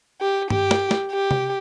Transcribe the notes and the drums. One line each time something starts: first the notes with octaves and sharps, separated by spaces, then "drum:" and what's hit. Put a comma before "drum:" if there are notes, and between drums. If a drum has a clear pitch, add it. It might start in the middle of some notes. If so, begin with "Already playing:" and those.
G4
G4, drum: tom G2
drum: snare
drum: snare
G4
drum: tom C3